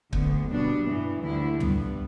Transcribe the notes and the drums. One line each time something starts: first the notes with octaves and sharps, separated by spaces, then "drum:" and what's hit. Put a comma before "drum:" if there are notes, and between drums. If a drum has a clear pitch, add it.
D2 D3 B3, drum: kick
B2 G3 B3 D4
G2 E3 B3
D2 D3 G3 E4
G2 G3 B3, drum: tom